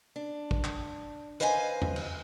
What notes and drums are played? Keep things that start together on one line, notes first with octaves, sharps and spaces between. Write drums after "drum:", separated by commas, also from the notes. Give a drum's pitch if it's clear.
D4
drum: kick
drum: clap
B4 C5 D#5 F5 G5 G#5
drum: tom E2
drum: cymbal